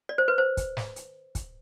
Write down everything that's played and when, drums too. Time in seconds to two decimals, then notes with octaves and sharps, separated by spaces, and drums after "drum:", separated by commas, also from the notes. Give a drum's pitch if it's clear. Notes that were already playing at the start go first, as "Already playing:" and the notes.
0.09 D5
0.18 C5
0.28 B4
0.38 C5
0.57 drum: kick, hi-hat
0.77 drum: snare
0.96 drum: hi-hat
1.35 drum: kick, hi-hat